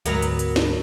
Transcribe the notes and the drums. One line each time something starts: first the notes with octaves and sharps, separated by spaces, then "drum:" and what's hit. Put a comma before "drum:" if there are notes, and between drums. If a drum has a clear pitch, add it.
D2 G#2 F#3 B3 A#4, drum: hi-hat
drum: hi-hat
drum: hi-hat
drum: snare